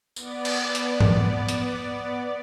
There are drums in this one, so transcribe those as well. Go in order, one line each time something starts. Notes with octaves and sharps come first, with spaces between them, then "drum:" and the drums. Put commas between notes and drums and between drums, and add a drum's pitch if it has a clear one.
B3 D5, drum: tambourine
drum: cymbal
drum: hi-hat
drum: tom
drum: hi-hat